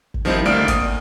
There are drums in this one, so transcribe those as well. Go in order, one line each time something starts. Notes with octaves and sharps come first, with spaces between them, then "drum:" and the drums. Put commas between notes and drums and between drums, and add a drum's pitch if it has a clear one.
drum: kick G1
D#3 F3 G3 C4 D#4 E4
D2 A#3 D5 F6 D7
D#6, drum: kick G1, hi-hat